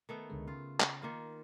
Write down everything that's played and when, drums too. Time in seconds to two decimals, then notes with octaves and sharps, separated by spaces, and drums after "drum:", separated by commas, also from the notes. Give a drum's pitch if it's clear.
0.09 D#3 A3 B3
0.30 C#2 D3 G#3
0.48 C#3 F4
0.80 drum: clap
1.02 D#3 A#3 F4